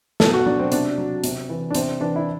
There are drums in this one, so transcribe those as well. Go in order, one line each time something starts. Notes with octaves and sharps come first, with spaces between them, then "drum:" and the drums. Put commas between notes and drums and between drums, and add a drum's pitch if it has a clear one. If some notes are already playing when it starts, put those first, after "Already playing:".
B2 A4, drum: snare
F#4
F#3 D4
C4
C3 D4, drum: hi-hat
F#3
C3, drum: hi-hat
E3
D4
C3 C4, drum: hi-hat
E3 D4
E4